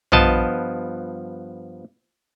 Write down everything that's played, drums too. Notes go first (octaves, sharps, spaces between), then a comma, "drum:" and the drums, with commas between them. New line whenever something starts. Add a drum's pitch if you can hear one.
G2 F3 B3 D#5 A5, drum: tom A#1